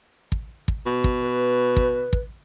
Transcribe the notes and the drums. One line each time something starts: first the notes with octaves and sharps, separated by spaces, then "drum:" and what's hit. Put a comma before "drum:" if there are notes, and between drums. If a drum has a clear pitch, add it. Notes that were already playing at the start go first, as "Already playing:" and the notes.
drum: kick
drum: kick
B2
drum: kick
B4
drum: kick
drum: kick